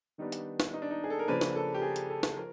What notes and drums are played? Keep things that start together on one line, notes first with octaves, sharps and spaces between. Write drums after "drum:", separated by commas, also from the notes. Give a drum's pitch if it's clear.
D#3 G3 B3 D4 D#4
drum: hi-hat
drum: snare
D#4
D4
D#4
G#4
A4
A#4
C#3 F3 A#3 D4 B4
drum: snare
A4
G4
G#4
drum: hi-hat
A4
drum: snare
F3 A#4